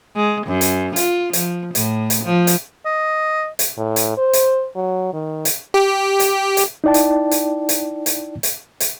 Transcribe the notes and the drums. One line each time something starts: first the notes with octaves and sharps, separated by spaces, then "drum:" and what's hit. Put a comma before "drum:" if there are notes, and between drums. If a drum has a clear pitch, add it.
G#3
F#2
drum: hi-hat
F4, drum: hi-hat
F3, drum: hi-hat
A2, drum: hi-hat
drum: hi-hat
F3
drum: hi-hat
D#5
drum: hi-hat
A2
drum: hi-hat
C5
drum: hi-hat
F#3
D#3
drum: hi-hat
G4
drum: hi-hat
drum: hi-hat
D#4 E4 D5 G5 A5
drum: hi-hat
drum: hi-hat
drum: hi-hat
drum: hi-hat
drum: hi-hat
drum: hi-hat